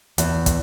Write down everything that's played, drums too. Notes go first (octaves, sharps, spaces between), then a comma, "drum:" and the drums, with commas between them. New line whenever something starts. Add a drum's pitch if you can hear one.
E2, drum: hi-hat
drum: kick, hi-hat